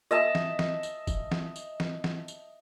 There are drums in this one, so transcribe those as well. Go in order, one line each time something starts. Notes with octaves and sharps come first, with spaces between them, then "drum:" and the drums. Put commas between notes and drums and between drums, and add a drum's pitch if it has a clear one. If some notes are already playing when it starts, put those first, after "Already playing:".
D#5 E5 A5
drum: snare
drum: snare
drum: tambourine
drum: kick, tambourine
drum: snare
drum: tambourine
drum: snare
drum: snare
drum: tambourine